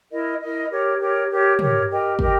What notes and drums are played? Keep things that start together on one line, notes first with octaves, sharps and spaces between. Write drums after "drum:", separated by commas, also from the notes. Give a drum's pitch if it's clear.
E4 A#4 D#5
E4 A#4 D#5
G4 A#4 C#5
G4 A#4 C#5
G4 A#4 C#5
G4 A#4 C#5, drum: tom
G4 A#4 D#5 G5
G4 A#4 D#5 G5, drum: kick